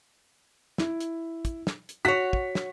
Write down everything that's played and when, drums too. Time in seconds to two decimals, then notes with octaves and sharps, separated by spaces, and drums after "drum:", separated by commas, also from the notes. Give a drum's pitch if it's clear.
0.78 E4, drum: snare
1.00 drum: hi-hat
1.45 drum: kick, hi-hat
1.67 drum: snare
1.89 drum: hi-hat
2.05 F#4 C#5 B6
2.33 drum: kick
2.55 drum: snare